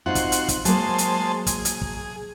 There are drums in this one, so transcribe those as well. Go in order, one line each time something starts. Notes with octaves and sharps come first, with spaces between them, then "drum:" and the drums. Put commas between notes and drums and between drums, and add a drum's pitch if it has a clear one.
C4 D#4 F4 F#4 C5 F#5
drum: kick, hi-hat
drum: hi-hat
drum: kick, hi-hat
F#3 G#3 A#3 C5 A5, drum: hi-hat
drum: hi-hat
G#4, drum: kick, hi-hat
drum: hi-hat
drum: kick